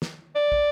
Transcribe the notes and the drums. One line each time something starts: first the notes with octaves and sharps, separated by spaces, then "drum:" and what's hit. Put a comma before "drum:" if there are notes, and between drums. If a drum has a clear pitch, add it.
drum: snare
D5
drum: kick